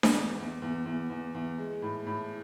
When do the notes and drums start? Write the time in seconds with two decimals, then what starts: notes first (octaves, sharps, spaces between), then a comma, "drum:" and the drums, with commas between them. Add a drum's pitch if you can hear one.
0.03 drum: snare D4
0.14 E2
0.38 E2
0.62 E2
0.86 E2
1.10 E2
1.35 E2
1.58 G#3
1.82 A2
2.06 A2